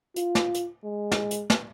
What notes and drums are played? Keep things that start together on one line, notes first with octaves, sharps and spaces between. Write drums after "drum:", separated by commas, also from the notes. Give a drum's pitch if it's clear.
F4, drum: hi-hat
drum: snare
drum: hi-hat
G#3
drum: snare
drum: hi-hat
drum: snare